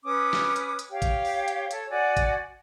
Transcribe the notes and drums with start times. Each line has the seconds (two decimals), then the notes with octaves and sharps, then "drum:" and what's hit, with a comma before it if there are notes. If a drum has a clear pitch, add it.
0.04 C#4 B4 D6 D#6
0.33 drum: snare
0.56 drum: hi-hat
0.79 drum: hi-hat
0.92 G4 C#5 F5 G5
1.02 drum: kick G#1, hi-hat
1.25 drum: open hi-hat
1.48 drum: hi-hat
1.71 A4 C#5, drum: hi-hat
1.90 F#4 D5 F#5 G#5
2.17 drum: kick G#1, hi-hat